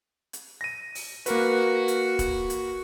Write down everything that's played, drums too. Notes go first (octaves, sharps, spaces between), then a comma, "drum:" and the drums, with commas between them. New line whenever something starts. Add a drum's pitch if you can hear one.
drum: hi-hat
A#6 D#7
drum: open hi-hat
A#3 F#4 A#4 B4, drum: hi-hat
drum: hi-hat
drum: kick, hi-hat
drum: hi-hat